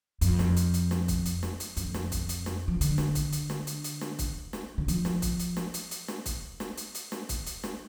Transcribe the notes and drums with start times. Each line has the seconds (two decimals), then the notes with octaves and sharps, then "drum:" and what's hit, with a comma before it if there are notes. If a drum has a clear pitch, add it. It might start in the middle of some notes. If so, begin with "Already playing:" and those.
0.21 F2, drum: hi-hat
0.39 drum: snare
0.56 drum: hi-hat
0.74 drum: hi-hat
0.91 drum: snare
1.08 drum: kick, hi-hat
1.25 drum: hi-hat
1.43 drum: snare
1.60 drum: hi-hat
1.77 F2, drum: hi-hat
1.94 drum: snare
2.12 drum: kick, hi-hat
2.29 drum: hi-hat
2.46 drum: snare
2.68 F3
2.81 D3, drum: hi-hat
2.98 drum: snare
3.15 drum: kick, hi-hat
3.32 drum: hi-hat
3.50 drum: snare
3.67 drum: hi-hat
3.84 drum: hi-hat
4.01 drum: snare
4.19 drum: kick, hi-hat
4.53 drum: snare
4.78 D3
4.88 F3, drum: hi-hat
5.05 drum: snare
5.22 drum: kick, hi-hat
5.39 drum: hi-hat
5.57 drum: snare
5.74 drum: hi-hat
5.91 drum: hi-hat
6.08 drum: snare
6.26 drum: kick, hi-hat
6.60 drum: snare
6.77 drum: hi-hat
6.95 drum: hi-hat
7.12 drum: snare
7.29 drum: kick, hi-hat
7.46 drum: hi-hat
7.64 drum: snare